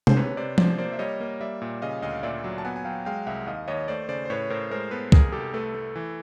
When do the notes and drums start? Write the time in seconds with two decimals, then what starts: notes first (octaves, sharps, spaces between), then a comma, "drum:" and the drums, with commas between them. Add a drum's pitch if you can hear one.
0.07 C5, drum: tom C3
0.16 C3 B4 C#5
0.37 C3 C5 D5
0.58 F3 C5 D5, drum: tom F3
0.78 A#3 C5 D5
0.92 E5
0.99 G3 C#5 D#5
1.20 A#3
1.41 G3 D5 E5
1.62 A#2
1.82 C#3 D#5 F5
2.02 D2 D#5 F5
2.23 A#2 D5 E5
2.44 F#3
2.58 A5
2.65 B3 F#5 G#5
2.76 G#5
2.85 F#3 F5 G5
3.05 G#3 F5 G5
3.27 C2 E5 F#5
3.47 D#2 D#5 F5
3.68 D#2 C#5 D#5
3.88 A3 C5 D5
4.09 C#3 C5 D5
4.25 C5
4.30 A2 B4 C#5
4.50 A2 A#4 C5
4.71 G#3 A#4 C5
4.91 B3 A4 B4
5.12 C2 G#4 A#4, drum: kick
5.32 C2 G4 A4
5.54 A3 A4 B4
5.75 A3
5.96 E3